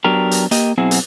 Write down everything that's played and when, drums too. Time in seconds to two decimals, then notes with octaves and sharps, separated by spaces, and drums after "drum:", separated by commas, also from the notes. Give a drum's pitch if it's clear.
0.04 F#3 B3 D4 G4 A#4
0.31 drum: hi-hat
0.51 A#3 G4 D#5, drum: hi-hat
0.78 B2 F#3 C4 E4 F#4 G#4
0.91 drum: hi-hat